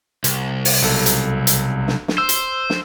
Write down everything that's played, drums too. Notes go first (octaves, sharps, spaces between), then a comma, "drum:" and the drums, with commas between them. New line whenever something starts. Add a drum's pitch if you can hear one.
C2, drum: hi-hat
drum: open hi-hat
B1 A4
drum: hi-hat
drum: hi-hat
drum: snare
drum: snare
C5 E6
drum: hi-hat
drum: snare